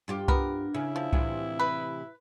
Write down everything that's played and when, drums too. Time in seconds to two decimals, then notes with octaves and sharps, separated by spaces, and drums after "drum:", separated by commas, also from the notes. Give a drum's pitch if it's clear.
0.08 G2 F4 G4
0.28 B3 A#4, drum: kick C2
0.74 C#3 E4
0.96 F3
1.13 A2 C3 E3, drum: kick C2
1.59 B4